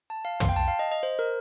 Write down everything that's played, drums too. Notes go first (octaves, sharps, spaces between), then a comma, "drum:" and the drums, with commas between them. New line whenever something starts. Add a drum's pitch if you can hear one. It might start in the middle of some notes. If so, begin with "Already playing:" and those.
A5
F5
C6, drum: tom
G5
A5
F5
D#5
D#5
C5
A#4